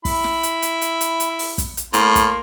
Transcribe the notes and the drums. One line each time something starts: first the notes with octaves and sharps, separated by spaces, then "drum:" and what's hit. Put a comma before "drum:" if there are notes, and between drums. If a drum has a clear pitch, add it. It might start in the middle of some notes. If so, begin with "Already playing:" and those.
E4 B5, drum: kick, open hi-hat
drum: snare
drum: hi-hat
drum: hi-hat
drum: hi-hat
drum: hi-hat
drum: hi-hat
drum: open hi-hat
drum: kick, hi-hat
drum: hi-hat
A2 A#3 C6, drum: hi-hat
drum: kick, hi-hat